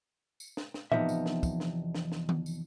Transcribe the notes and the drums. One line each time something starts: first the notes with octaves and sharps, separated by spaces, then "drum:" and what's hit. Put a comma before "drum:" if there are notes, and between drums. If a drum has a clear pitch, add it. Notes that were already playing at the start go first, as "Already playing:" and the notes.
drum: tambourine
drum: snare
drum: snare
E2 C3 F3 B3 D#4 E5, drum: tom A2
drum: tambourine
drum: snare
drum: kick, tambourine
drum: snare
drum: snare
drum: snare
drum: tom D#3
drum: tambourine